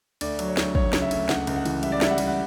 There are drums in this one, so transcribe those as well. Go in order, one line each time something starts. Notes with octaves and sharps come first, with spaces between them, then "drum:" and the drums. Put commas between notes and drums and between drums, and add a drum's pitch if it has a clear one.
D2 D5, drum: cymbal
F#3, drum: cymbal
C#5
D2, drum: snare
F#3 C#5, drum: kick
C#3, drum: snare
E5
D2, drum: cymbal
C#2 F#5, drum: snare
C#2, drum: cymbal
F#5
E3, drum: cymbal
G3 E5, drum: cymbal
D5
G3 E5, drum: snare
F#5
G3 E5, drum: cymbal
F#5